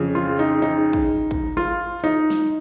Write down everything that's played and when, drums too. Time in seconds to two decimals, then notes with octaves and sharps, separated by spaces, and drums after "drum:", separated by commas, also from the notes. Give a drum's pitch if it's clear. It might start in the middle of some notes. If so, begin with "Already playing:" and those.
Already playing: F2 C#3
0.15 F4
0.39 D#4
0.62 D#4
0.93 drum: kick
1.31 drum: kick
1.57 F4
2.04 D#4
2.30 drum: snare